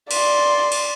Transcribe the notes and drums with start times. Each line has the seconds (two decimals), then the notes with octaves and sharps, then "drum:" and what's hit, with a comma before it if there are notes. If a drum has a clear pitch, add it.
0.11 D5 C6, drum: cymbal
0.72 drum: cymbal